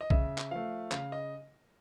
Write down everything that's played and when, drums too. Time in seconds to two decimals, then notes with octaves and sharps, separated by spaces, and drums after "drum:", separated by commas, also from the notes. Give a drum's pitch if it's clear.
0.01 D#5
0.10 C#3 E5, drum: kick B1
0.38 drum: clap
0.51 F3 A3 F5
0.91 C#3 F5, drum: clap
1.12 D#5